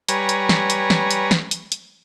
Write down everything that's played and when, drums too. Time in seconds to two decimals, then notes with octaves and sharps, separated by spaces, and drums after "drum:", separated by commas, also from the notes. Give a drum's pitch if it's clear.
0.09 G3 B4 C#5 G#5 A#5, drum: hi-hat
0.29 drum: hi-hat
0.49 drum: snare
0.70 drum: hi-hat
0.90 drum: snare
1.11 drum: hi-hat
1.31 drum: snare
1.51 drum: hi-hat
1.72 drum: hi-hat